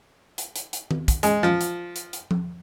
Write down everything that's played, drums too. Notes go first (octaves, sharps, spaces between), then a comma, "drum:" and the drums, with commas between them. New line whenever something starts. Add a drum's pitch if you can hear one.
drum: hi-hat
drum: hi-hat
drum: hi-hat
drum: tom D#3
drum: kick, hi-hat
G#3, drum: hi-hat
F3, drum: rim click
drum: hi-hat
drum: hi-hat
drum: hi-hat
drum: tom F3